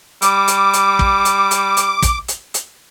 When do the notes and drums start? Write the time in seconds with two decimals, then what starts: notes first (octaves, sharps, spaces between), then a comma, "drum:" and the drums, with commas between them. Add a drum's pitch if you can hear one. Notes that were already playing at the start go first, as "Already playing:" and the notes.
0.22 G3 D6, drum: hi-hat
0.48 drum: hi-hat
0.73 drum: hi-hat
0.99 drum: kick
1.25 drum: hi-hat
1.51 drum: hi-hat
1.77 drum: hi-hat
2.02 drum: kick, hi-hat
2.28 drum: hi-hat
2.54 drum: hi-hat